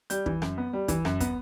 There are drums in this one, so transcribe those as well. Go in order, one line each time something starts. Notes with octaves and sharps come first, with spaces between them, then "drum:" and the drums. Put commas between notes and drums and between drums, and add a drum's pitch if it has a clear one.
G3 G6, drum: hi-hat
E3, drum: kick
F#2, drum: rim click
B3
G3
E3, drum: kick, hi-hat
F#2, drum: rim click
B3, drum: kick, hi-hat